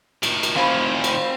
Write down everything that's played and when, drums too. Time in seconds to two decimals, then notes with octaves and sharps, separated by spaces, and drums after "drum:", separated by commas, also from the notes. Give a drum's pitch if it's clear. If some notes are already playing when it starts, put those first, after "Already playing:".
0.23 A2 D#3, drum: cymbal
0.43 drum: cymbal
0.56 C4 F5 G#5 B5
1.04 drum: cymbal